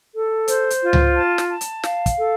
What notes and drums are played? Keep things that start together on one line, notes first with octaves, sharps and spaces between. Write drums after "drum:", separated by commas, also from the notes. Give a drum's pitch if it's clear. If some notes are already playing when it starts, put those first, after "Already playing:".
A4
C5, drum: hi-hat
drum: hi-hat
F4
drum: tom C#2
A5
drum: snare
A5
drum: hi-hat
F5, drum: snare
drum: kick, hi-hat
A4